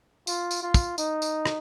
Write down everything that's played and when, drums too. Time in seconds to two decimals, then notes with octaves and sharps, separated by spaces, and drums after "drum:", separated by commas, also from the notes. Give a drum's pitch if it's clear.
0.27 F4, drum: tambourine
0.51 drum: tambourine
0.62 F4
0.74 drum: kick, tambourine
0.98 D#4, drum: tambourine
1.22 drum: tambourine
1.46 drum: rim click